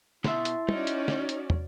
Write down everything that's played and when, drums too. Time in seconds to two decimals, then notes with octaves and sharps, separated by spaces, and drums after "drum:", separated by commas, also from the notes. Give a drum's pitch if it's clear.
0.24 B2 E4 E5 A5 C6, drum: snare
0.45 drum: hi-hat
0.69 C#4 D#4 F#4 D5, drum: tom
0.87 drum: hi-hat
1.08 drum: snare
1.29 drum: hi-hat
1.50 drum: tom